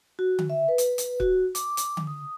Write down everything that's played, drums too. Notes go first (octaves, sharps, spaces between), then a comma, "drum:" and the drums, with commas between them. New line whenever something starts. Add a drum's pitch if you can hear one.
F#4
drum: tom D3
E5
B4
drum: hi-hat
drum: hi-hat
F#4, drum: kick
D6, drum: hi-hat
drum: hi-hat
drum: tom D3
D#6